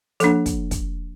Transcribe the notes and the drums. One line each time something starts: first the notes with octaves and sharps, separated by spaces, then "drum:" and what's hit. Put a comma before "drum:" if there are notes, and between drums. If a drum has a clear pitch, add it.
F3 A#3 D4 A4, drum: hi-hat
drum: kick, hi-hat
drum: kick, hi-hat